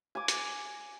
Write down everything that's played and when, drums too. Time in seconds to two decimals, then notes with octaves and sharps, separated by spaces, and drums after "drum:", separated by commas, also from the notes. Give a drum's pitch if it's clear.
0.15 G#5 D6
0.28 drum: hi-hat